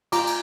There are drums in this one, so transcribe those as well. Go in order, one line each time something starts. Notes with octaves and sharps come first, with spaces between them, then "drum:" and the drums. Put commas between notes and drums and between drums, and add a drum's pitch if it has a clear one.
F4 A#5 D6, drum: cymbal
drum: cymbal